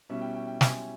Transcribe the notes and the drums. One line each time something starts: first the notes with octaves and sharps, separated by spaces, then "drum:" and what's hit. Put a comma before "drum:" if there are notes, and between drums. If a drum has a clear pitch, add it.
B2 G3 C#4 E4 E5
G5
G5
G5
G#5, drum: snare